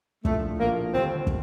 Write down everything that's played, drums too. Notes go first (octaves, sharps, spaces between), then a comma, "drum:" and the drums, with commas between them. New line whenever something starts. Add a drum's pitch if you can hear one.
A#1 A2 F3 A3, drum: kick
A#1 A2 F3 A#3
D#2 D3 G3 C4
drum: kick